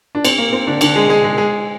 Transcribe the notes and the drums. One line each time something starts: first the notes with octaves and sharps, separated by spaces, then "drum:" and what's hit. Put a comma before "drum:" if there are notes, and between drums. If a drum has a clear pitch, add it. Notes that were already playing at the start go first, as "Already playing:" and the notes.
D4
C4, drum: cymbal
A#3
C4
D3 D4
D3 D4, drum: cymbal
G#3 G#4
G#3 G#4
G#3 G#4
G#3 G#4